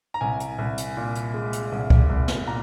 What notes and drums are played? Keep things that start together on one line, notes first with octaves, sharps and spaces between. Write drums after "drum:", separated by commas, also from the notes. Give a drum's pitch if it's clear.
A#5
C2 G#5
drum: hi-hat
C2
drum: hi-hat
A#2
drum: hi-hat
G#3
drum: hi-hat
C2
drum: kick C2
C2
drum: snare
A#2 A#5